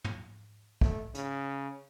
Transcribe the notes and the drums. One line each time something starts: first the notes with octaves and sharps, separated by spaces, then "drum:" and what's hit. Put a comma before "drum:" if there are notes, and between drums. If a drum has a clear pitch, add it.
drum: tom
A3, drum: kick
C#3, drum: hi-hat